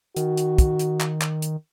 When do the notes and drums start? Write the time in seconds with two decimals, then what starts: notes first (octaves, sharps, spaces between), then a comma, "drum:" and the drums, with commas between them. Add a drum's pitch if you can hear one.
0.16 D#3 F#4, drum: hi-hat
0.37 drum: hi-hat
0.58 drum: kick, hi-hat
0.79 drum: hi-hat
1.00 drum: clap
1.21 drum: clap
1.42 drum: hi-hat